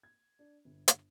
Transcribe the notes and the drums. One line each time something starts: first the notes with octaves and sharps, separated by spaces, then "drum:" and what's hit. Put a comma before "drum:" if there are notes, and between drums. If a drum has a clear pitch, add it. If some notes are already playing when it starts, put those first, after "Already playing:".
G#6
D4
G1
drum: hi-hat